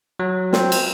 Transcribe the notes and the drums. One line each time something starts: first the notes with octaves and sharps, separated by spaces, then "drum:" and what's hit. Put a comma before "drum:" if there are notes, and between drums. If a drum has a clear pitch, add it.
F#3
C4, drum: snare
drum: cymbal